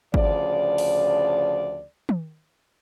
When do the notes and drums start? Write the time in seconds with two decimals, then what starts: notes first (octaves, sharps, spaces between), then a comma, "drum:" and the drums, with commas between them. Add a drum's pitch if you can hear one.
0.14 D2 C#3 F3 D5, drum: kick G#1
0.78 drum: open hi-hat
2.09 drum: tom